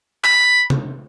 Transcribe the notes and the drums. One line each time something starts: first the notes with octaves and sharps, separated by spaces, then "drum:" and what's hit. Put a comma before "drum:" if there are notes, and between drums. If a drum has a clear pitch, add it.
B5, drum: clap
drum: tom